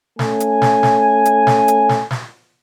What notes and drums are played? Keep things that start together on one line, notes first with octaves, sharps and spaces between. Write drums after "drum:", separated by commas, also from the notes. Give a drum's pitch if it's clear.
A3 C#4 G#5, drum: snare
drum: hi-hat
drum: snare
drum: snare
drum: hi-hat
drum: snare
drum: hi-hat
drum: snare
drum: snare